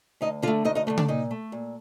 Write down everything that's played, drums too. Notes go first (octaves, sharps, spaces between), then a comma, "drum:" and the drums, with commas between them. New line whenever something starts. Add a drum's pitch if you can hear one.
D2 D#4 D#5
D3 F4 F5
A3
D2 D#4 D#5
D#4 D#5
D3 A3
D4 D5, drum: tom C#3
A#2 D#4 D#5
A3
A#2